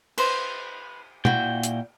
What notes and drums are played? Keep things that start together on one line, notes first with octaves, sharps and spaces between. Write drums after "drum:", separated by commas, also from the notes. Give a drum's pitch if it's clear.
B4 C5, drum: cymbal
A#2 E4 F#4 G5, drum: tom
drum: hi-hat